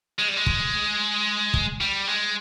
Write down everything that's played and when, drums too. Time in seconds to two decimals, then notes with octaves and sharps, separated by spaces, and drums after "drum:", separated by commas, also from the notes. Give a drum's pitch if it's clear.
0.19 G#3
0.28 G3
0.37 G#3
0.46 drum: kick
1.54 drum: kick
1.81 G3
2.07 G#3